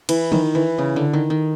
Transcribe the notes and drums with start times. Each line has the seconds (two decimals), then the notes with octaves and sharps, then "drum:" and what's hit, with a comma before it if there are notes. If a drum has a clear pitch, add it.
0.09 E3, drum: cymbal
0.32 D#3, drum: tom
0.55 E3
0.78 C#3
0.96 D3
1.13 D#3
1.30 D#3